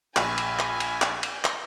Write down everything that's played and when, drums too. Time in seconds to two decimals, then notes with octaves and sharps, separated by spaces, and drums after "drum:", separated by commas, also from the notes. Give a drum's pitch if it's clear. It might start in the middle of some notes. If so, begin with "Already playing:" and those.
0.16 A#1 G#5 B5, drum: clap
0.38 drum: cymbal
0.59 drum: clap
0.80 drum: cymbal
1.02 drum: clap
1.23 drum: cymbal
1.44 drum: clap